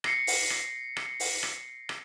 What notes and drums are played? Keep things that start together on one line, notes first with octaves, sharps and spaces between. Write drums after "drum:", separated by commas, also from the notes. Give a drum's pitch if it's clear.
A#6 C7 C#7, drum: rim click
drum: open hi-hat
drum: rim click
drum: rim click
drum: open hi-hat
drum: rim click
drum: rim click